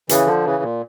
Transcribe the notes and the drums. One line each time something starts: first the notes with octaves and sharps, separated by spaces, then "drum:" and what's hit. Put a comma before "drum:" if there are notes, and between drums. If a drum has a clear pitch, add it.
C#3 E3, drum: hi-hat
D3 F3
C#3 E3
A#2